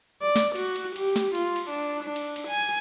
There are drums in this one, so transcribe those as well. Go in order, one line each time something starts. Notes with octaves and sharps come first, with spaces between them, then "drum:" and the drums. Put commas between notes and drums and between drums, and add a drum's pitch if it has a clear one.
D5
drum: snare
F#4, drum: cymbal
drum: cymbal
G4, drum: cymbal
drum: snare
F4, drum: cymbal
drum: cymbal
D4
D4
drum: cymbal
drum: cymbal
G#5